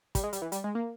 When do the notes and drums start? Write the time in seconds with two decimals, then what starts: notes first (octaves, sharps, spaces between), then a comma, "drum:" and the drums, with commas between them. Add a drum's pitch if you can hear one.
0.15 G3, drum: kick, hi-hat
0.24 G#3
0.33 G3, drum: hi-hat
0.42 E3
0.52 G3, drum: hi-hat
0.64 G#3
0.75 A#3